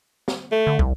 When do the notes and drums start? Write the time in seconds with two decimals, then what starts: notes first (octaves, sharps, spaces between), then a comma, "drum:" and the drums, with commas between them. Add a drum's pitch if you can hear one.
0.28 drum: snare
0.51 A3
0.67 D3
0.79 C2, drum: kick